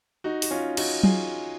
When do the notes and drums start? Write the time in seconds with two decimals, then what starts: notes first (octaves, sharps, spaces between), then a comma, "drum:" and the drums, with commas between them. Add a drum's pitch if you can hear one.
0.24 D#4 F#4
0.42 F#4, drum: open hi-hat
0.51 C#4 F4
0.77 D#4 F#4, drum: cymbal
1.04 F4 G#4, drum: tom F#3